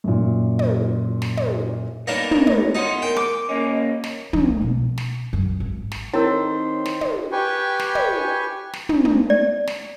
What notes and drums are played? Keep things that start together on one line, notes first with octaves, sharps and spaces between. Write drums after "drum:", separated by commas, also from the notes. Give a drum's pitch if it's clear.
F#2 A#2
drum: tom
drum: snare
drum: tom
A#3 B3 D4 D#4 A#4 C#5
drum: tom
drum: tom
E2 D#4 F#5 C6
A#4 G5
D6
C#3 A#3 C#4 D#5
drum: snare
F3, drum: tom
B2
drum: snare
F#2
G#1
drum: snare
D#3 C4 E4 A#4 C5 C#5 G5
drum: snare
drum: tom
G4 B4 G5 G#5 C#6
drum: snare
drum: tom
drum: snare
drum: tom
drum: tom
D5
drum: snare